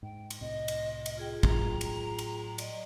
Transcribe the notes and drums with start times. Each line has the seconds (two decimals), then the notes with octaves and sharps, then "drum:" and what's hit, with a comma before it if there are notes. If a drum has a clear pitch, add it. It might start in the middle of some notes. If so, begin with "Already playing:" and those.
0.03 G#2 G5
0.30 drum: cymbal
0.41 C2 A2 C3 D#5
0.68 drum: cymbal
1.06 drum: cymbal
1.17 F4 G#4 G5
1.43 A2 F#3 A#5, drum: kick
1.81 drum: cymbal
2.19 drum: cymbal
2.58 D5 D#5, drum: cymbal